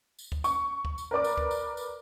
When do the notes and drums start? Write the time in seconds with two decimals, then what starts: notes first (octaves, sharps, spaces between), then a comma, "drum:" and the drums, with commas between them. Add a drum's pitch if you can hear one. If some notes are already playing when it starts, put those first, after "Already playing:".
0.19 drum: tambourine
0.32 drum: kick
0.44 C#6, drum: tambourine
0.85 drum: kick
0.98 drum: tambourine
1.11 A#4 B4 D5 D6
1.24 drum: tambourine
1.38 drum: kick
1.51 drum: tambourine
1.77 drum: tambourine